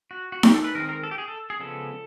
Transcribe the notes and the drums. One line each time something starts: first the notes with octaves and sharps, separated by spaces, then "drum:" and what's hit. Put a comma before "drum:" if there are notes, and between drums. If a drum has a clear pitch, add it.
F#4
F#4
G4, drum: snare D#4
A4
B4
D#3 G#3 C4 A#4
A#4
A4
G4
G#4
A4
G#4
C#3 F3 G#3 B3 A4